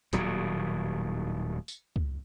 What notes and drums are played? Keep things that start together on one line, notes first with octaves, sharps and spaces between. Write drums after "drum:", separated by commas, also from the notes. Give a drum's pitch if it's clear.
D#1 D#2 A2 F#3, drum: hi-hat
drum: tambourine
drum: kick C#2